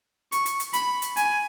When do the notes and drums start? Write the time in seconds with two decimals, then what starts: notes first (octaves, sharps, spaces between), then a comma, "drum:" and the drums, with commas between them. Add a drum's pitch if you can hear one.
0.32 C#6, drum: hi-hat
0.46 drum: hi-hat
0.60 drum: hi-hat
0.73 B5, drum: hi-hat
1.02 drum: hi-hat
1.17 G#5, drum: hi-hat